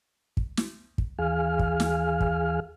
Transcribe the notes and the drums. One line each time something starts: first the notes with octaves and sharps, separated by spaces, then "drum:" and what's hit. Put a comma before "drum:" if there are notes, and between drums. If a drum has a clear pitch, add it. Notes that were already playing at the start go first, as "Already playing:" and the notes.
drum: kick
drum: snare
drum: kick
D#2 E3 G#4 F5 G#5 F6
drum: kick
drum: snare
drum: kick